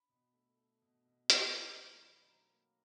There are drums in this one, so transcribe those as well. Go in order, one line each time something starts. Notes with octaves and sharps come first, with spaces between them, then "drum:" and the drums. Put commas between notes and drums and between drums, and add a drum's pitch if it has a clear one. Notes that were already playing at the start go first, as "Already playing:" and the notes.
Already playing: B5
B2
A3
A3
B2
B2
A3, drum: hi-hat
A#3 A#5
F#3 A#5
F#3 B5
D#3 A#5
A#3